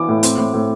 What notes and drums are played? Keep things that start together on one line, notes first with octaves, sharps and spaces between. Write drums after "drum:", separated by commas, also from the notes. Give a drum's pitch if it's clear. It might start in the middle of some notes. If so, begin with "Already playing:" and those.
Already playing: E3 D6
A2
C4, drum: hi-hat
A2
A2